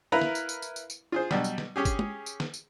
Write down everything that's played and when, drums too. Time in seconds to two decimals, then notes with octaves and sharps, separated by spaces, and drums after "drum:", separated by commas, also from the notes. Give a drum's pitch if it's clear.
0.12 E4 A#4 B4 F5 A#5 B5
0.21 drum: snare
0.35 drum: tambourine
0.49 drum: tambourine
0.62 drum: tambourine
0.76 drum: tambourine
0.90 drum: tambourine
1.12 F4 G#4 C5
1.31 B2 F#3 G3, drum: snare
1.44 drum: tambourine
1.58 drum: snare
1.76 C#4 G4 G#4
1.85 drum: kick, tambourine
1.99 drum: tom
2.26 drum: tambourine
2.40 drum: snare
2.54 drum: tambourine